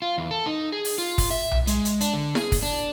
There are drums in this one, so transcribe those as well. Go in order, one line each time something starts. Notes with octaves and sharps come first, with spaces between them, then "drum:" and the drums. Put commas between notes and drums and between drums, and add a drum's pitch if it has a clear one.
F4
E2
A4
D#4
G#4
drum: open hi-hat
F4
drum: kick, open hi-hat
E5
drum: tom B1
G#3, drum: hi-hat
drum: hi-hat
D4, drum: hi-hat
D3
G#4, drum: snare E4
drum: kick, open hi-hat
D4